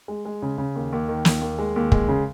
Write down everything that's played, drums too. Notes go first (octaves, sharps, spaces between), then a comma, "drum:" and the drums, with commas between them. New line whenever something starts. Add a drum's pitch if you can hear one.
G#3
G#3
C#3
C#3
D#2
D#2
D#3
D#2, drum: snare
D#2
G#3
D#2
G#3, drum: kick
C#3